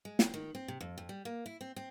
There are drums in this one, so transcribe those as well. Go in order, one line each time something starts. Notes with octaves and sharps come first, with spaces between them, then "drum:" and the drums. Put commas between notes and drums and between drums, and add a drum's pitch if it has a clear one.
G#3
C4, drum: snare
D#3
C4
C3
F2
F2
G3
A#3
E4
C4
C4